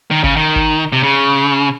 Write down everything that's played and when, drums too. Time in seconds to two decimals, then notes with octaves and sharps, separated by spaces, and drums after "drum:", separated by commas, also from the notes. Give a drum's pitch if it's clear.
0.11 D#3
0.24 C#3, drum: kick G1
0.36 D#3
0.56 drum: kick G1
0.93 C3
1.03 C#3